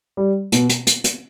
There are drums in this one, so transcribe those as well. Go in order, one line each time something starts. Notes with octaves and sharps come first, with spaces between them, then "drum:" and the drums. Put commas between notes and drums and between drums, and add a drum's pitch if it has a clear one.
G3
B2, drum: hi-hat
drum: hi-hat
drum: hi-hat
drum: hi-hat